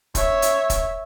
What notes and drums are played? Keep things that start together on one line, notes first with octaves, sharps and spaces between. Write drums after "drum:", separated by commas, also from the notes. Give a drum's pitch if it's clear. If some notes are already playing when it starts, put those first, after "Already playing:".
C#5 E5, drum: kick, hi-hat
drum: hi-hat
drum: kick, hi-hat